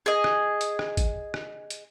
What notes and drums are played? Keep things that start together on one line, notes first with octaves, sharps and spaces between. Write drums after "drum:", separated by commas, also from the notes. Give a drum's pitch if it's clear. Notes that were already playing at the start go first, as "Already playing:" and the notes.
G#4 D#5
drum: rim click
drum: hi-hat
drum: rim click
drum: kick, hi-hat
drum: rim click
drum: hi-hat